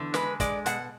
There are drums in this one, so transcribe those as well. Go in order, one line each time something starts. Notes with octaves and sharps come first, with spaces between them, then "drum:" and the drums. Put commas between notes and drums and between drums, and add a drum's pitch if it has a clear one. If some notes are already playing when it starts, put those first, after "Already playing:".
Already playing: E2 D3
G#3 B4, drum: snare
G#3 D5, drum: kick, hi-hat
B2 F#5, drum: hi-hat